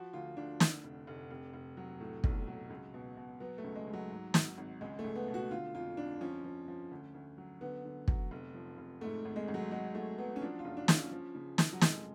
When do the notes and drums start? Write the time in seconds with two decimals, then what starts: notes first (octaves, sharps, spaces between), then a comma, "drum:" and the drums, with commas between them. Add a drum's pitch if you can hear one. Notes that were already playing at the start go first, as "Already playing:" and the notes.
Already playing: F3 F#4
0.13 D2 F4
0.37 D2 D4
0.60 D3, drum: snare
0.84 F1
1.07 F1
1.31 F1
1.54 F1
1.77 F#3
2.00 A2
2.24 B1, drum: kick
2.47 F#3
2.70 C#2
2.94 B2
3.17 B2
3.40 F#3 B3
3.58 A3
3.64 C#2
3.75 G#3
3.87 C#2
3.93 F#3
4.10 G#2
4.34 G#1, drum: snare
4.58 G#1
4.81 C#2 G#3
4.99 A3
5.04 C#2
5.15 B3
5.28 B2
5.34 F#4
5.51 D3 F4
5.74 F2 F4
5.97 F2 D4
6.21 F3 C#4
6.44 F3
6.68 F3
6.91 D2
7.14 D2
7.38 F#3
7.61 D3 B3
7.85 D3
8.08 F#3, drum: kick
8.31 F1
8.54 F3
8.78 F1
9.01 G#2 A3
9.25 G#1
9.36 G#3
9.48 G#1
9.54 F#3
9.71 F#3 G#3
9.95 F#3 A3
10.18 F#3 B3
10.36 C#4
10.41 F3 D4
10.59 F4
10.65 F#1
10.77 D4
10.88 F#1, drum: snare
10.94 C#4
11.12 F3
11.35 C#3
11.58 F3, drum: snare
11.73 F#3
11.81 F1 G#3, drum: snare